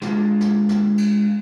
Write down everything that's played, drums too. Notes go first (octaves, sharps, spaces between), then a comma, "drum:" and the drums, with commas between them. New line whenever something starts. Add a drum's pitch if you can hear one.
G#3 D4 F4, drum: snare
drum: snare
drum: snare
drum: cymbal